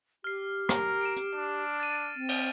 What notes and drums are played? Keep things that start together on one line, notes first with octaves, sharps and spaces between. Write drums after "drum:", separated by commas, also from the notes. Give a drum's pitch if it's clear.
G4 F6 C7
A#4, drum: rim click
D7 E7
drum: hi-hat
D4
A6 D#7
C4
drum: cymbal